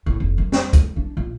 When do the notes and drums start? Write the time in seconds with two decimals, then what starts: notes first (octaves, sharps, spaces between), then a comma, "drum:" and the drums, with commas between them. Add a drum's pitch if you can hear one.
0.06 A2
0.20 F1
0.38 F#2
0.52 drum: snare
0.73 A3, drum: kick, hi-hat
0.96 D4
1.17 A#2